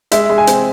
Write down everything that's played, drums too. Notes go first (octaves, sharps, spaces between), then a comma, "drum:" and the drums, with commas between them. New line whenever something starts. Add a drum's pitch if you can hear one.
G#3 E5, drum: hi-hat
G#3
G#5
C4, drum: hi-hat